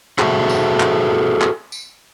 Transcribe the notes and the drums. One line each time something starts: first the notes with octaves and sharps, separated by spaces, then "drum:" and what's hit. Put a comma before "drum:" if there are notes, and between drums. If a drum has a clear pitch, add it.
F#4 G#4 A4 B4 C5 E5, drum: clap
drum: tambourine
drum: clap
drum: clap
drum: tambourine